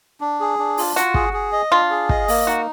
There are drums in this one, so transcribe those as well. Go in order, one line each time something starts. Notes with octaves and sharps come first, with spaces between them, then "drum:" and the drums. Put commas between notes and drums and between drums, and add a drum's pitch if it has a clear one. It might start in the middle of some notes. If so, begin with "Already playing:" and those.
D4
G#4
D4
F4, drum: open hi-hat
F4 F#4, drum: hi-hat
G#4, drum: kick
G#4
D#5
D4 F4
G#4
D#5, drum: kick
A#3, drum: open hi-hat
D#4 F#4